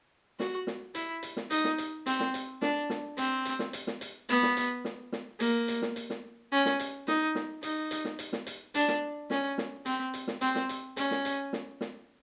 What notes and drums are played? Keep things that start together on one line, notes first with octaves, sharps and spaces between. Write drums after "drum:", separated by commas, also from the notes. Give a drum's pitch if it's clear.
F#4, drum: snare
drum: snare
E4, drum: hi-hat
drum: hi-hat
drum: snare
D#4, drum: hi-hat
drum: snare
drum: hi-hat
C4, drum: hi-hat
drum: snare
drum: hi-hat
D4, drum: snare
drum: snare
C4, drum: hi-hat
drum: hi-hat
drum: snare
drum: hi-hat
drum: snare
drum: hi-hat
B3, drum: hi-hat
drum: snare
drum: hi-hat
drum: snare
drum: snare
A#3, drum: hi-hat
drum: hi-hat
drum: snare
drum: hi-hat
drum: snare
C#4
drum: snare
drum: hi-hat
D#4, drum: snare
drum: snare
D#4, drum: hi-hat
drum: hi-hat
drum: snare
drum: hi-hat
drum: snare
drum: hi-hat
D4, drum: hi-hat
drum: snare
C#4, drum: snare
drum: snare
C4, drum: hi-hat
drum: hi-hat
drum: snare
C4, drum: hi-hat
drum: snare
drum: hi-hat
C#4, drum: hi-hat
drum: snare
drum: hi-hat
drum: snare
drum: snare